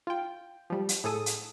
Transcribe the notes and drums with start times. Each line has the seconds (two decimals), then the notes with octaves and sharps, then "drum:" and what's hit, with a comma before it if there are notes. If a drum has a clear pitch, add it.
0.07 F4 G5
0.70 F3 G3
0.89 drum: hi-hat
1.04 A2 G#4 A4 D#6
1.26 drum: hi-hat